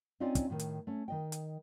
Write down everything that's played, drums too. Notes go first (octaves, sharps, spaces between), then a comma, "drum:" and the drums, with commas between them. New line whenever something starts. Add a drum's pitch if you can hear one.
C4 C#4 D#4 F4 D5 G#5
drum: kick, hi-hat
A2 D#3
drum: hi-hat
A3 C#4
D#3 D#5 G5
drum: hi-hat